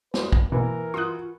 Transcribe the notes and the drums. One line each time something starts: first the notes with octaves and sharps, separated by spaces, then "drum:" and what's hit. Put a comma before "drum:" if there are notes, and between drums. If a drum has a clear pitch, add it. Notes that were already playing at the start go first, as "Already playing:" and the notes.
B4, drum: snare
drum: kick
B2 E3 A#3 A#4
F4 F#4 C6 D#6 F#6